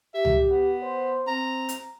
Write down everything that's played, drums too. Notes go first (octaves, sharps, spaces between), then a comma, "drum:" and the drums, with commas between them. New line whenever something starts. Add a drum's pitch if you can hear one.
G4 E5
drum: tom C#2
B3
C5
C4 A#5
drum: hi-hat